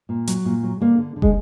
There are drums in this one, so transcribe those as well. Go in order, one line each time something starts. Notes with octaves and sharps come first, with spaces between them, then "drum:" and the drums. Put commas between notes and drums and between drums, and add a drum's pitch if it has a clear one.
A#2
F#3, drum: hi-hat
A#2
F#3
D3 A#3
D3
D3
G#3, drum: kick